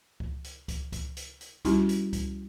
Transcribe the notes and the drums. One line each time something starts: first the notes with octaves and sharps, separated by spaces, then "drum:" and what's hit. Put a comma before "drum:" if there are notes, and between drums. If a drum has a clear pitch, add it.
drum: kick C#2
drum: hi-hat
drum: kick C#2, hi-hat
drum: kick C#2, hi-hat
drum: hi-hat
drum: hi-hat
G3 C#4 D#4 E4 F#4 G4, drum: kick C#2, hi-hat
drum: hi-hat
drum: kick C#2, hi-hat